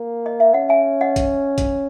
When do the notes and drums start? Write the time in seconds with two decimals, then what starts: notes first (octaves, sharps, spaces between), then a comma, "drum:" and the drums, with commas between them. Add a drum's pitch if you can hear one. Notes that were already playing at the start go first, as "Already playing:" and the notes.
Already playing: A#3
0.26 D#5
0.40 E5
0.53 C#4 D#5 F#5
0.69 E5 G#5
1.01 D#5 F#5
1.16 drum: kick, hi-hat
1.58 drum: kick, hi-hat